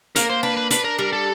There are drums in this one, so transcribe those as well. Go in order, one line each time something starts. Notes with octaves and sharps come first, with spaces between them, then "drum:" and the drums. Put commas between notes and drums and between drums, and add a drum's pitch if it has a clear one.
A#3 A#4, drum: hi-hat
C5
D4 B4
B4
D4 B4, drum: hi-hat
A#4
G3 A#4
A4